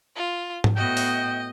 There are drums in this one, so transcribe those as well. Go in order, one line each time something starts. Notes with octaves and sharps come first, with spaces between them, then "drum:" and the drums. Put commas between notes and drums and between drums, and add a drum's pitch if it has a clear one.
F4
drum: tom G#2
A2 B3 F#4 D#5 G5
drum: open hi-hat